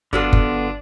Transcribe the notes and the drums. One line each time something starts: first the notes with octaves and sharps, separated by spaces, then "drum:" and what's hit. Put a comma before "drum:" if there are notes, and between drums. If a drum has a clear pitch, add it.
G1 D3 B3 D4 F4 F#4 A4
drum: kick F#1